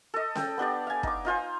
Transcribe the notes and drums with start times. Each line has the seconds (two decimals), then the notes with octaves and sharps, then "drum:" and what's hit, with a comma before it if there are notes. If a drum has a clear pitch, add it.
0.14 A4 D#5
0.35 G5, drum: snare C#4
0.58 B3 D4 G4 D5
0.87 F5 G#5
1.03 D#4 D6, drum: kick
1.25 D#4 F4 C5 G#5